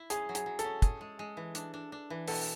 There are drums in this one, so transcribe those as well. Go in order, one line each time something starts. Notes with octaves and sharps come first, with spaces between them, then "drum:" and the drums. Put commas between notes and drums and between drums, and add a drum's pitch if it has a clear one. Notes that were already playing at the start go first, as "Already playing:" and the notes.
Already playing: E4
C#4 G#4, drum: hi-hat
F#3
G#4, drum: hi-hat
F#3
A4, drum: hi-hat
C#4
G#4, drum: kick, hi-hat
G#3
G#3
E3
D4, drum: hi-hat
D4
D4
E3
B2 A4, drum: open hi-hat